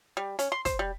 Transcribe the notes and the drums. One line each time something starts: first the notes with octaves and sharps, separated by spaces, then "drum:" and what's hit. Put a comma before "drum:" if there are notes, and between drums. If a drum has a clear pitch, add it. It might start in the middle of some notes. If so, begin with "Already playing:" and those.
G3
C#4, drum: hi-hat
C6
C5, drum: kick, hi-hat
G3